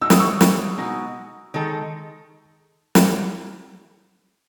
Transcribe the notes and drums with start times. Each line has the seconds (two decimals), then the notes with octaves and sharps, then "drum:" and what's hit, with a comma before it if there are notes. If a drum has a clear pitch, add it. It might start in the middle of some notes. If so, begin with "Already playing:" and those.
0.01 B2 G#3 D#4 F#4 E6
0.10 D#6, drum: snare
0.19 C#6 E6
0.41 drum: snare
0.78 B2 G#3 D#4 F#4
1.54 D#3 G#3 D#4 A4
2.95 drum: snare